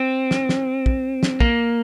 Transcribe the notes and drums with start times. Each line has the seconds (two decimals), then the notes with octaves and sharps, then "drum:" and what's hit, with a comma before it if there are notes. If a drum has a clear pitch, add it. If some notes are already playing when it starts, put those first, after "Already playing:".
Already playing: C4
0.31 drum: snare
0.49 drum: snare
0.86 drum: kick
1.23 drum: snare
1.40 A#3, drum: kick